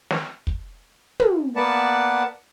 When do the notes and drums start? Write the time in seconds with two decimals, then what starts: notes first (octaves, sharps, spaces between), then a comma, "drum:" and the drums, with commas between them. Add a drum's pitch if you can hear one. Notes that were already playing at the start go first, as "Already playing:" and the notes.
0.11 drum: snare
0.47 drum: kick
1.20 drum: tom
1.56 A#3 B3 B4 D5 F#5 A5